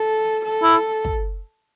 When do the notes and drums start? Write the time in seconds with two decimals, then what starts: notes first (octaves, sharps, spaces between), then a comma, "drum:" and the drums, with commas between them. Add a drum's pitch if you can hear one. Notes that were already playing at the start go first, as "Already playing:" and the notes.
Already playing: A4
0.45 A4
0.63 E4
1.05 drum: kick